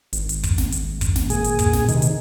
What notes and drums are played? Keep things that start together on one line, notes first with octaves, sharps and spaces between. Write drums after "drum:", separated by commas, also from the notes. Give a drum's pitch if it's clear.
G#1, drum: hi-hat
drum: hi-hat
drum: kick, hi-hat
drum: snare
drum: hi-hat
drum: kick, hi-hat
drum: snare
A#2 G#4, drum: hi-hat
drum: hi-hat
drum: kick, hi-hat
drum: snare
C3 D#3, drum: hi-hat
drum: hi-hat